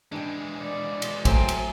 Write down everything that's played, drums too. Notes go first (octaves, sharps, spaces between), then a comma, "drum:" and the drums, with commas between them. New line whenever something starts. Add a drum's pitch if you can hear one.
E3 G#3 D4 G4
D5
drum: cymbal
F#3 A3 C4 G#5, drum: kick, cymbal
drum: cymbal